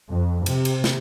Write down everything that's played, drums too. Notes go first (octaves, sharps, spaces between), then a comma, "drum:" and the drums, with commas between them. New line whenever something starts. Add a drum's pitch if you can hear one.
F2
C3, drum: cymbal
drum: cymbal
drum: snare